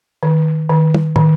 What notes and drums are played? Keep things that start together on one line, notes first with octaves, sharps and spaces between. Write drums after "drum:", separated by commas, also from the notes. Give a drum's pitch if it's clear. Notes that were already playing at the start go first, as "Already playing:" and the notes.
D#3
D#3
drum: tom
D#3, drum: tom